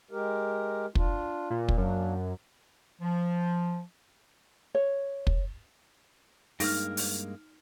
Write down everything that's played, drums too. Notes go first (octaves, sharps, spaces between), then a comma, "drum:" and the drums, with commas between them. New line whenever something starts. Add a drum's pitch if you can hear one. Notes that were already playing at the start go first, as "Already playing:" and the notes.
G#3 G4 A#4
D4 F4, drum: kick
A#2
drum: kick
F#2 A#3 D4
F3
C#5
drum: kick
G2 G#3 A#3 D#4 F6 A#6, drum: open hi-hat
drum: open hi-hat